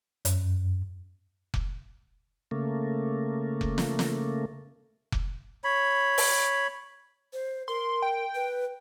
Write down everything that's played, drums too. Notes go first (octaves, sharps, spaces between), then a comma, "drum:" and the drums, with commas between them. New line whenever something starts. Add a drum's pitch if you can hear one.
F#2, drum: hi-hat
drum: kick F1
C#3 A3 A#3
drum: kick F1
drum: snare
drum: snare
drum: kick F1
C#5 B5
drum: open hi-hat
C5
A#4 C6
G5
B4